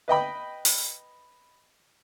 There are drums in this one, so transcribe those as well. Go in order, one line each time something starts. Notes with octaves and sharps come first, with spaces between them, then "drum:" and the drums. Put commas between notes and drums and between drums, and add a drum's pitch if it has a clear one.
B4 D#5 G5 B5
drum: open hi-hat